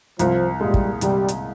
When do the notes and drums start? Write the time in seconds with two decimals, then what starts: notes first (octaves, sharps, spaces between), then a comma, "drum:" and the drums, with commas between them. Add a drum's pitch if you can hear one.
0.19 C2 F3, drum: hi-hat
0.60 A#2 G3 G#3
0.74 drum: kick
1.01 C2 G3, drum: hi-hat
1.28 drum: hi-hat